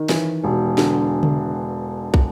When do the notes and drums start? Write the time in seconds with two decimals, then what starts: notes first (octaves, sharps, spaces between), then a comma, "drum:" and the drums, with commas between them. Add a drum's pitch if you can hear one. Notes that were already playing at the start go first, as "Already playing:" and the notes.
Already playing: D#3
0.09 E3, drum: snare
0.44 E1
0.78 D3, drum: snare
1.23 drum: tom C#3
2.14 drum: kick